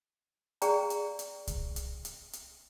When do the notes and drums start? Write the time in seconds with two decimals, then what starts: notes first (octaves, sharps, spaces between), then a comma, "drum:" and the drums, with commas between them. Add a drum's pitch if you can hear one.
0.62 G#4 D5 F5 G5 A#5, drum: hi-hat
0.90 drum: hi-hat
1.19 drum: hi-hat
1.47 drum: kick C2, hi-hat
1.76 drum: hi-hat
2.05 drum: hi-hat
2.33 drum: hi-hat